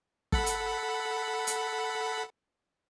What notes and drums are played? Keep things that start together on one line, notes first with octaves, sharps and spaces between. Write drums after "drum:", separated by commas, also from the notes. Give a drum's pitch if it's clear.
A4 F#5 B5, drum: kick
drum: hi-hat
drum: hi-hat